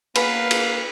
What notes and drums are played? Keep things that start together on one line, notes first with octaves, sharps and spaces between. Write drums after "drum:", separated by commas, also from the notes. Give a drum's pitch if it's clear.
A#3 B3 C#4 B4 F5, drum: cymbal
drum: cymbal